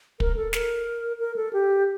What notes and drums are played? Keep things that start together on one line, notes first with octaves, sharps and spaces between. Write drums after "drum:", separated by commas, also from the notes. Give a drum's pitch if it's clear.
A#4, drum: kick
A4
A#4, drum: snare
A#4
A4
G4